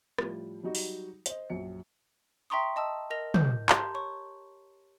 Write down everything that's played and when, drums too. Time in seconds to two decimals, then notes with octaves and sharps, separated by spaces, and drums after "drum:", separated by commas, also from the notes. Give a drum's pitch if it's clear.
0.18 A2 F3 G3, drum: rim click
0.63 F#3 G3 D#4 F#4
0.75 drum: open hi-hat
1.26 C5 D#5, drum: hi-hat
1.50 A#1 F#2 F#3 C#7
2.50 E5 G5 A#5 C6 C#6 D#6
2.76 D#5 A5 D#6 E6
3.10 A#4 D#5 A#6 F7
3.34 G6, drum: tom
3.69 G4 A5 A#5 C6 G6, drum: clap
3.95 C#5 C#6